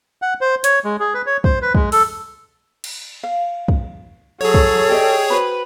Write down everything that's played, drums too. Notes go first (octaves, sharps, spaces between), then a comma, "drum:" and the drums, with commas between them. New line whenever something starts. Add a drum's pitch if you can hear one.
F#5
C5
C#5, drum: hi-hat
G#3
G#4
B4
C#5
C5, drum: kick
B4
G#3, drum: kick
A4, drum: open hi-hat
drum: cymbal
F5
drum: kick
F#3 G#4 A4 C#5
drum: kick
G4 D5 D#5 G5
F#4 B4 C5 B5